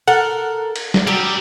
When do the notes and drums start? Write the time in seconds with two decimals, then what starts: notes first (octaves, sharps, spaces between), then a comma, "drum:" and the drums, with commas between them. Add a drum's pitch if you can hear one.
0.08 A4 A#4 F#5
0.76 drum: cymbal
0.94 drum: snare
1.07 F#3 G3 G4